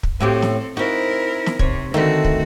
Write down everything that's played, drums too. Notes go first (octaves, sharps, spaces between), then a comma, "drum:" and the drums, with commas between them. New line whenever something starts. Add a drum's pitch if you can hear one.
drum: kick
A2 C4 F#4 G4 A4
drum: snare
C4 D#4 E4 F#4 A#4
drum: snare
C3 C#5, drum: kick
D3 D#3 A3 C4 F#4
drum: kick